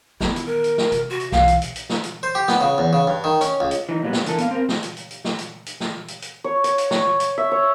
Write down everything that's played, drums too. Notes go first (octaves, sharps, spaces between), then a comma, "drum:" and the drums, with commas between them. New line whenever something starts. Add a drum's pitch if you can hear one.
D#3 B3 E4, drum: snare
drum: hi-hat
A#4
drum: hi-hat
drum: snare
C3, drum: hi-hat
F#4
drum: hi-hat
B1 E3 F5, drum: snare
drum: hi-hat
drum: hi-hat
drum: hi-hat
drum: snare
drum: hi-hat
C5
G4
B3, drum: snare
C#3
E2
C#3
G2
D#3
C#4, drum: hi-hat
C#2
drum: hi-hat
E3 D#4
A#2 F#3 G3 B3
drum: snare
D3 E3 A4 A#4, drum: hi-hat
B3 F5, drum: hi-hat
C4 A#4
drum: snare
drum: hi-hat
drum: hi-hat
drum: hi-hat
drum: snare
drum: hi-hat
drum: hi-hat
drum: snare
drum: hi-hat
drum: hi-hat
C#5
C#5, drum: hi-hat
drum: hi-hat
C#6, drum: snare
drum: hi-hat
E5
C#5